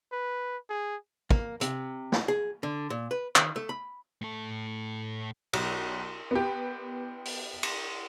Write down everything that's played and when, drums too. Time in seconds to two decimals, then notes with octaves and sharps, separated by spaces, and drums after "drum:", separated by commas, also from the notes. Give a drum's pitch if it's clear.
0.12 B4
0.70 G#4
1.30 A#3, drum: kick
1.61 C3, drum: hi-hat
2.12 drum: snare
2.28 G#4
2.63 D3
2.90 A#2
3.11 B4
3.36 D#3, drum: clap
3.56 A3
3.69 B5
4.21 A2 A4
5.53 B1, drum: cymbal
6.31 B3 G4
7.25 drum: open hi-hat
7.63 drum: cymbal